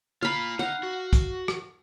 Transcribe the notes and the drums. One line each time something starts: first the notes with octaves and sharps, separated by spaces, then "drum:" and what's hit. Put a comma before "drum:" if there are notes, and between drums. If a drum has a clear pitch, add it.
F4 F5 A#5 B5
D#4 F5 F#5
F#4
drum: kick, hi-hat
drum: rim click